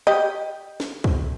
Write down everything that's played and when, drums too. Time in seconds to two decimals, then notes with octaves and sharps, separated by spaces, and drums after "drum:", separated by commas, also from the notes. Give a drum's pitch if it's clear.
0.07 G4 D#5
0.80 drum: snare
1.04 drum: kick